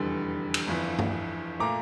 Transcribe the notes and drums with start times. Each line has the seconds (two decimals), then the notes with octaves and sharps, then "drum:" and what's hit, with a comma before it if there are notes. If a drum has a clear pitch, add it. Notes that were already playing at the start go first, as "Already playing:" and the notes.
Already playing: F1 E2 D3 G3
0.54 drum: cymbal
0.67 G1 F2 E3
0.99 drum: tom G2
1.59 A#2 A3 A#5 D6